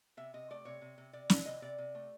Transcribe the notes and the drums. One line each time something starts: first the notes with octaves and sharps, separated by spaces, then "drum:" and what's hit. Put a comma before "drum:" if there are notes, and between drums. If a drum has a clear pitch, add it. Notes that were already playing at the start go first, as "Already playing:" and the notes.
C3 E5
C3 D#5
A3 D5
C3 C#5
C3
C3
C3 D5
E3, drum: snare
C3 D#5
C3 D5
C3
A3